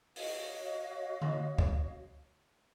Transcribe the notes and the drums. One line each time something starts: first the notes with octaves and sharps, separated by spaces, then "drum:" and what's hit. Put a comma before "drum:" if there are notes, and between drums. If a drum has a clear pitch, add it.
F#4 C#5 D#5 F5, drum: open hi-hat
drum: tom D3
drum: kick